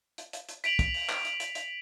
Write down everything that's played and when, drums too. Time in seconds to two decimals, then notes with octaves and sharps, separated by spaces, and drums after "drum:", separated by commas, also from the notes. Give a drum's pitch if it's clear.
0.18 drum: hi-hat
0.33 drum: hi-hat
0.49 drum: hi-hat
0.64 B6 D7 F7 F#7, drum: hi-hat
0.79 drum: kick, hi-hat
0.94 drum: open hi-hat
1.10 drum: clap
1.25 drum: hi-hat
1.40 drum: hi-hat
1.55 drum: hi-hat